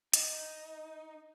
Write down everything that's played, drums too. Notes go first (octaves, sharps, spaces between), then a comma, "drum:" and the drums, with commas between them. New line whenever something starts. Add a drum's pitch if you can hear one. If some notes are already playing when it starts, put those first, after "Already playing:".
D#4, drum: hi-hat